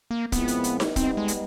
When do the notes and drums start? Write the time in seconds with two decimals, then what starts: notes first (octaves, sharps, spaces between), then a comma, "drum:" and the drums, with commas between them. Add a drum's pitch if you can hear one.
0.11 A#3
0.32 A#2 F3 G#3 B3 C4 E4, drum: kick, hi-hat
0.48 drum: hi-hat
0.64 drum: hi-hat
0.80 drum: snare D#4
0.96 G3 B3 C4 D#4, drum: kick, hi-hat
1.17 G#3
1.28 drum: hi-hat